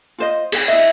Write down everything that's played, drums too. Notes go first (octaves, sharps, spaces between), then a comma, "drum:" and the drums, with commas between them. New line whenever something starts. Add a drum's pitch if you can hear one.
F4 C5 D#5
G#4 G5, drum: cymbal
E4 D#5 E5